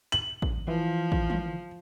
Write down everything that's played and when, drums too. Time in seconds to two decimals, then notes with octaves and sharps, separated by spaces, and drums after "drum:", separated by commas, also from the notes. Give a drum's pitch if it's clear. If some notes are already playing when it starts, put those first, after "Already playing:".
0.12 F#7, drum: hi-hat
0.42 drum: kick A1
0.68 E3 F3
1.12 drum: kick A1
1.30 drum: tom